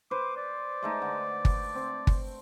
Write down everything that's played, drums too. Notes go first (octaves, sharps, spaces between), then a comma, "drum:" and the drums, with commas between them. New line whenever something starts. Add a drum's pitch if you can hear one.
B4 C5 D6
D5
G#3 A3 D#4
D3
drum: kick G1
C4
drum: kick G1